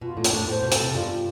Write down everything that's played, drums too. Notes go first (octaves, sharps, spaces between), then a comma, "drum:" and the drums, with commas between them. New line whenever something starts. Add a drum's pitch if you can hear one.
B2 F4
A2
D4, drum: hi-hat
A2
A2 C5
B2
A4, drum: hi-hat
C3
G2 F4